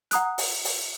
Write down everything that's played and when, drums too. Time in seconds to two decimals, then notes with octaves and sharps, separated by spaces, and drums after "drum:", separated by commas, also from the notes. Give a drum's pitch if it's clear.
0.11 F#5 A#5 D#6 F#6, drum: hi-hat
0.38 drum: open hi-hat
0.64 drum: open hi-hat